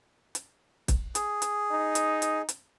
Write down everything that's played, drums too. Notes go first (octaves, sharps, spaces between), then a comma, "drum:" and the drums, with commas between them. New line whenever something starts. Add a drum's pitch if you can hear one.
drum: hi-hat
drum: kick, hi-hat
G#4, drum: hi-hat
drum: hi-hat
D#4
drum: hi-hat
drum: hi-hat
drum: hi-hat